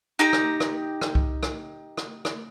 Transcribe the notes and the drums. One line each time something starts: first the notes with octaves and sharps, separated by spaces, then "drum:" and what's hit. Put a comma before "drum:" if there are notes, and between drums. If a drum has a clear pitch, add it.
D#4 G4 A#5
drum: rim click
drum: rim click
drum: rim click
drum: kick C2
drum: rim click
drum: rim click
drum: rim click